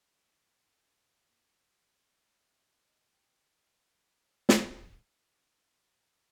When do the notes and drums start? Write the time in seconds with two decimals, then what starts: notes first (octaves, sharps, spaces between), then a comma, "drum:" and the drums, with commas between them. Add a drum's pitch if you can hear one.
0.78 G2
1.30 F#2 A#2 A#3
2.45 E5
2.73 C6
2.86 D#5
3.08 G5
3.54 F6
3.79 F#5
3.95 B5
4.20 C#5
4.49 drum: snare
5.59 G#3 A#3 G#4
5.87 A#3 F#4 G4
6.14 E3 F4 A#4